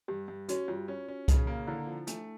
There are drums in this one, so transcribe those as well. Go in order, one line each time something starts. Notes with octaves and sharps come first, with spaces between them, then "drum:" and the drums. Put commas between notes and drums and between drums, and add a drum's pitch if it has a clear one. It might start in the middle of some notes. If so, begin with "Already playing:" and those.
G2 G4
G2
C#4 F#4, drum: hi-hat
G2 F4
C#4
C#4
C#3 D#4, drum: kick C2, hi-hat
A#3
D3 E4
F3
A3 D4, drum: hi-hat